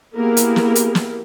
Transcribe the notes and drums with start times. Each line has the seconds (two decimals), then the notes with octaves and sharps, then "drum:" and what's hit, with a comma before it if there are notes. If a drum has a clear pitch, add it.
0.17 A#3 B3 E4 G4 G#4 A#4
0.37 drum: hi-hat
0.56 drum: snare
0.75 drum: hi-hat
0.95 drum: snare